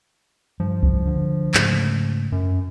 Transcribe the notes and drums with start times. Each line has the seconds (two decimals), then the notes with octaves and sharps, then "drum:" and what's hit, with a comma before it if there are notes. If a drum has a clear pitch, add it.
0.60 G2 F3
0.83 drum: kick C2
1.07 D3
1.54 G#2 C#3 A3, drum: clap
2.32 F#2